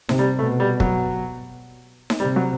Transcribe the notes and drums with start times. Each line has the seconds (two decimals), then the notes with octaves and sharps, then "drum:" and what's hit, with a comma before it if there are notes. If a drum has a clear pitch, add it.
0.09 C3, drum: snare D#4
0.19 G3
0.39 B2 A3
0.60 G3
0.80 F#3, drum: kick
2.10 drum: snare D#4
2.20 C3 G3
2.36 F#3